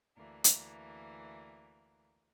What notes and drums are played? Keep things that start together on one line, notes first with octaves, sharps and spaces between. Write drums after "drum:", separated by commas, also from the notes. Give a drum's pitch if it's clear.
D2 E3 A#3
drum: hi-hat